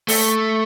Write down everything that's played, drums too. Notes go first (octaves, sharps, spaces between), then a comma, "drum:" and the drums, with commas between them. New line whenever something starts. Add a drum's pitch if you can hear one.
A3, drum: open hi-hat